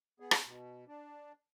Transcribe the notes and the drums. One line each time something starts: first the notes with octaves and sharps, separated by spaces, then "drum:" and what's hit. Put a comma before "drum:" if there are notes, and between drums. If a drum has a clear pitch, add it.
B3 G#4
drum: rim click
B2
D4